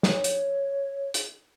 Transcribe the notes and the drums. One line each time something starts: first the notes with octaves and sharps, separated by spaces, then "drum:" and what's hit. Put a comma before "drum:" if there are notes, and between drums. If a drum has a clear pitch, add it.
C#5, drum: snare
drum: hi-hat
drum: hi-hat